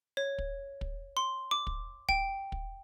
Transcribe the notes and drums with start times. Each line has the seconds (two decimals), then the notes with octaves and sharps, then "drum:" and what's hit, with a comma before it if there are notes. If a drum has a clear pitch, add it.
0.17 C#5
0.38 drum: kick
0.81 drum: kick
1.17 C6
1.51 D6
1.67 drum: kick
2.09 G5, drum: kick
2.52 drum: kick